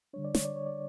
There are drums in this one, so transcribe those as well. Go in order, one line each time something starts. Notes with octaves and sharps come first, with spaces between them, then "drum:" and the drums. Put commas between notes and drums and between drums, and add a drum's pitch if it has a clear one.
D3 G3 D4 C#5
D5
C#5, drum: snare
D5
C#5
D5